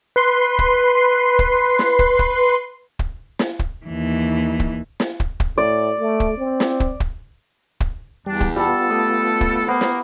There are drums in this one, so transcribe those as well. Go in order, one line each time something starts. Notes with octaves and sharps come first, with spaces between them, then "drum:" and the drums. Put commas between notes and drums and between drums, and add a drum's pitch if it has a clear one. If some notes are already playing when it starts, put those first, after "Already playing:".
B4 C6 C7
drum: kick
drum: kick
drum: snare
drum: kick
drum: kick
drum: kick
drum: snare
drum: kick
D#2 E3
drum: kick
drum: snare
drum: kick
drum: kick
A2 D5
A3
drum: kick
C4
drum: snare
drum: kick
drum: kick
drum: kick
E2 G3 D4
drum: kick
G3 B3 F4 A4 F#5 A5
A3 D#6
drum: kick
A#3 B3 C5
drum: snare